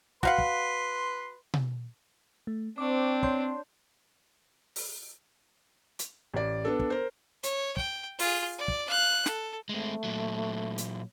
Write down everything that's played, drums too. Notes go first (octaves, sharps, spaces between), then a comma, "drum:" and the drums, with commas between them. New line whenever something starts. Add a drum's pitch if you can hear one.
F#4 B4 F5 F#5 C6, drum: kick
drum: kick
drum: tom B2
A3
C4 D4 C#6 D6
C#5 C6 G6, drum: kick
drum: open hi-hat
drum: hi-hat
A1 D5
B3 D4 A4
drum: kick
A#4 C5
C#5, drum: hi-hat
G5, drum: kick
F4 G#4, drum: open hi-hat
D5
drum: kick
F5 F#6
A4, drum: snare
G#3 A3 C4
A#2 F#3
drum: hi-hat